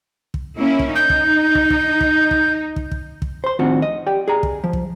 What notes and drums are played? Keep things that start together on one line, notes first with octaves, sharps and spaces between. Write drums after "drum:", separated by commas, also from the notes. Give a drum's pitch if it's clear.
drum: kick
A#3 C#4 E4
drum: kick
D#4 G6
drum: kick
drum: kick
drum: kick
drum: kick
drum: kick
drum: kick
drum: kick
drum: kick
C5 C6
A2 D#3 F3 C4 D4 F#4
D#5
G4 D5 G5
G#4 D5 G#5 A#5
drum: kick
F3
drum: kick